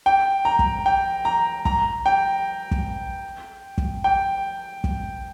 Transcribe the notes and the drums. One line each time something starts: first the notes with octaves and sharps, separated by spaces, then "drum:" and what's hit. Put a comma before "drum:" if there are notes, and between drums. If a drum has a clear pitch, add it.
G5
A#5
drum: kick
G5
A#5
A#5, drum: kick
G5
drum: kick
drum: kick
G5
drum: kick